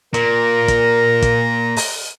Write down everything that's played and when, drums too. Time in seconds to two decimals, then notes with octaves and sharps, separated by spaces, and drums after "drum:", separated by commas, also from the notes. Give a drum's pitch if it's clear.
0.14 A#2 A#4 A#5, drum: hi-hat
0.68 drum: kick, hi-hat
1.22 drum: kick, hi-hat
1.77 drum: open hi-hat